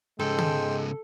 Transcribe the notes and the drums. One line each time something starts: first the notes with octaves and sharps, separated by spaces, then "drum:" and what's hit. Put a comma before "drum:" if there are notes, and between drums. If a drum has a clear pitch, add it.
G#2 C#3 G#3 A4 G5 C6 E6
drum: tom